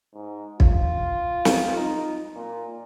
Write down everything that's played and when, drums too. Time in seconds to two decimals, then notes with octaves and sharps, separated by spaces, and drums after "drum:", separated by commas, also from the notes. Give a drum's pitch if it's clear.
0.14 G#2
0.60 F4, drum: kick
1.45 drum: snare
1.76 D#4
2.35 A#2